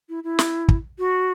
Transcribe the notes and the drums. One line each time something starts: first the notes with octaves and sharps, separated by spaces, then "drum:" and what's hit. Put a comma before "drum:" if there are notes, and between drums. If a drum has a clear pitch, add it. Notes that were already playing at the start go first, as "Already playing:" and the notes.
E4
E4
drum: snare
drum: kick
F#4